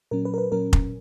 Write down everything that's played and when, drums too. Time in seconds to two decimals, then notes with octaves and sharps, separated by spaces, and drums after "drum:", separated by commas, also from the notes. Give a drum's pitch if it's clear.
0.11 A#2 F#3 C#4 A#4
0.25 B4
0.34 A#4
0.38 B4
0.52 A#2 F#3 C#4 A#4
0.73 drum: kick F1